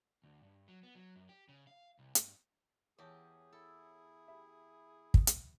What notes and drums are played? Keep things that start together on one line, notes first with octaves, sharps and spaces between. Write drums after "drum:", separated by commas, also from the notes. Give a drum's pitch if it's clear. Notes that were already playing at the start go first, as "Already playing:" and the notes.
D2
G2
F#3
B3
F#3
F#2
G4
C#3
F5
C2
G2, drum: hi-hat
E2 G4 G#4 C#5 A5 G6
E4 A4
G4 E5 B5
drum: kick
drum: hi-hat